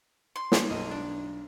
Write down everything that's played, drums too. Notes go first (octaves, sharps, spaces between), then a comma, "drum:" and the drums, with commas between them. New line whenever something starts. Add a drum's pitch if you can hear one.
C6
drum: snare
B1 D#5
D4